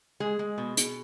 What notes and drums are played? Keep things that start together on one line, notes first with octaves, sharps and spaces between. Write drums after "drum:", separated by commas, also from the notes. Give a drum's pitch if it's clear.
G#3 G#4
G#3
B2
B2, drum: hi-hat